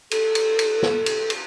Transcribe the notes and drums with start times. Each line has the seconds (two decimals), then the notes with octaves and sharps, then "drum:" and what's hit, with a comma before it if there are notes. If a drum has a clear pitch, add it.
0.11 A4, drum: cymbal
0.35 drum: cymbal
0.59 drum: cymbal
0.83 drum: snare
1.06 drum: cymbal
1.30 drum: cymbal